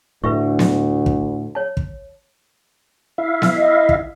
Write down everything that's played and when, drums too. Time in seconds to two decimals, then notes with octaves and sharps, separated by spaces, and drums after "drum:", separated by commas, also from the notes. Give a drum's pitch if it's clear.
0.24 D2 A2 B4 E5 C#6
0.59 drum: snare B3
1.06 drum: kick
1.55 C#5 A5
1.77 drum: kick
3.18 E4 E5 F5
3.42 drum: snare B3
3.56 D#5
3.89 drum: kick